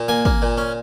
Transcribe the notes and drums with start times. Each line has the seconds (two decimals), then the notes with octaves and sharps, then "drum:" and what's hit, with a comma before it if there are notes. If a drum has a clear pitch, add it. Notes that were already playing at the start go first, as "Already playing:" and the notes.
Already playing: A#2
0.08 A#3 G#5
0.25 A#3, drum: kick
0.42 A#2
0.58 C#4